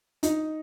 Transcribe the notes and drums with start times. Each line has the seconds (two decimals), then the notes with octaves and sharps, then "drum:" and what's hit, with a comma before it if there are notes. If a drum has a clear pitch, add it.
0.23 D#4, drum: hi-hat